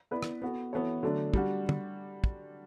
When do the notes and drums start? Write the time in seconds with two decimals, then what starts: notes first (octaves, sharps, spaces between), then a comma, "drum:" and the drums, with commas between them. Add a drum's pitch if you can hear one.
0.11 B3 E4 B4 D5
0.23 drum: rim click
0.42 B3 F#4 A4
0.73 E3 B3 F#4 A4 C#5
1.03 D3 F#3 A3 D4
1.34 G3 D4 F#4, drum: kick
1.69 drum: tom
2.24 drum: kick